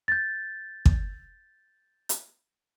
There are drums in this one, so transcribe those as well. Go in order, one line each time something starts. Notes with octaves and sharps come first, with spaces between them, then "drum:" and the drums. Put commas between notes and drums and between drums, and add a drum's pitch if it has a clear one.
G6 A6
drum: kick
drum: hi-hat